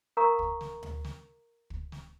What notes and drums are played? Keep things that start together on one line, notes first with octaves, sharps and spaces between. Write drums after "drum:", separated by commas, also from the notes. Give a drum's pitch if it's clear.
A#4 F5 A#5 C#6 D#6
drum: kick
drum: snare
drum: tom D2
drum: snare
drum: kick
drum: snare